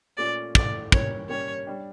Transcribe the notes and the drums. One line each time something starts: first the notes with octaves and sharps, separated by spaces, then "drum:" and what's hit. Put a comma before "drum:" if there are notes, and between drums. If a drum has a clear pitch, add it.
A#2 A3 C#4 F4 A4 D5
A2 E3 A3 D5, drum: kick
E3 G3 A#3 C#4 C#5, drum: kick
G3 A#3 C#4 G4 C#5
G3 D4 G4